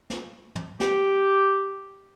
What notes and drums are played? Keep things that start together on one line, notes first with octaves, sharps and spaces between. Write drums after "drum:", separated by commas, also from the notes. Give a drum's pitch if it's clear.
drum: snare
drum: tom
G4, drum: snare